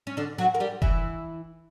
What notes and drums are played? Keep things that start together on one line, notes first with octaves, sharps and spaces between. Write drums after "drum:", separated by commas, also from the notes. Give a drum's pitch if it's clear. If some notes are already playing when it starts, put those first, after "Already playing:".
C#4
D3 D4
F#3 F#4
A#4
G3 G4
E3 E4, drum: kick F1